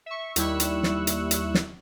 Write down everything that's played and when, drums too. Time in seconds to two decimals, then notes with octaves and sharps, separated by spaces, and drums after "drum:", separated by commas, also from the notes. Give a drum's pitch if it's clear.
0.06 E5 C#6
0.36 D#2 G3 E4 C#6 E6 F#6, drum: hi-hat
0.60 drum: hi-hat
0.83 drum: snare
1.07 drum: hi-hat
1.31 drum: hi-hat
1.54 drum: snare